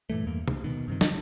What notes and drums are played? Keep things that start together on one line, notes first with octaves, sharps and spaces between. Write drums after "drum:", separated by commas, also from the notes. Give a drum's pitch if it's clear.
G2 A#2 E3 A3
E2 G2 A#3
C#2, drum: tom C3
B2 D#3
G2 C3 D#3
D3 F3, drum: snare